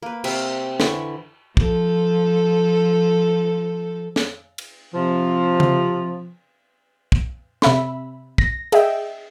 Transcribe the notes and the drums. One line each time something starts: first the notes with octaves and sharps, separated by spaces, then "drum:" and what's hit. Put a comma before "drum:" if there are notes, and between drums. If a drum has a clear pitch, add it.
A#3 B4
C3 E5 F5 G5, drum: cymbal
D3 E3 B5 C#6, drum: snare
F3 A4, drum: kick
drum: snare
drum: cymbal
C3 F3
drum: tom C#3
drum: kick
C3 E5 B5, drum: snare
A#6, drum: kick
G#4 D#5 E5 G5, drum: cymbal